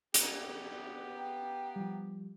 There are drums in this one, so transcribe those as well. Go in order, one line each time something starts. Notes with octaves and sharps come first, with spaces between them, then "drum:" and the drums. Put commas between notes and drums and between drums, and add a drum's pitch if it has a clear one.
B3 G4, drum: hi-hat
F5 G5 A#5
F3 G3